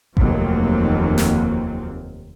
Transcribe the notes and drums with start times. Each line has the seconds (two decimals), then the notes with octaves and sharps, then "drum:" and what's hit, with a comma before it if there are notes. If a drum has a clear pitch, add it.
0.17 F1 D#2 D#3 F#3 A#3 C4, drum: kick G#1
1.18 drum: snare